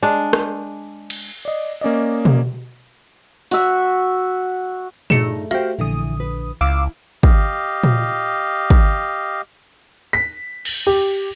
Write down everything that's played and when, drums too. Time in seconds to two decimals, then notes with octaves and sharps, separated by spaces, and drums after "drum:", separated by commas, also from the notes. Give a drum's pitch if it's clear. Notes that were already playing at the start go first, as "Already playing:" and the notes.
0.02 G#3 D4
0.33 drum: rim click
1.10 drum: cymbal
1.45 D5 D#5
1.81 A#3 C#4 D5 D#5
2.25 drum: tom B2
3.51 F#4 E5, drum: open hi-hat
5.10 G2 A3 D#4 G#4 C#7, drum: tom A#2
5.51 F#4 G4 C5 E5 F5 G5
5.79 A#1 D3 E3 D#6
6.20 B4
6.61 C#2 E4 F5 D6 E6
7.23 G4 D#5 F5, drum: kick
7.84 drum: tom A#2
8.70 drum: kick
10.13 B6
10.65 drum: cymbal
10.87 G4